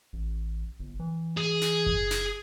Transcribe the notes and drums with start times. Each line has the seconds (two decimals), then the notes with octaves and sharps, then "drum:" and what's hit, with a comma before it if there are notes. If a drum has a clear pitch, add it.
0.13 A1
0.80 G1
1.00 E3
1.37 G#4
1.62 drum: snare
1.86 drum: kick F#1
2.11 drum: snare